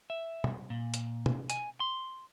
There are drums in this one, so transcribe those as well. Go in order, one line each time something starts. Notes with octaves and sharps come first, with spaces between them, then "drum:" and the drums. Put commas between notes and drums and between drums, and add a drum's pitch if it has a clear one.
E5
drum: tom
A#2
drum: hi-hat
drum: tom
G#5, drum: hi-hat
C6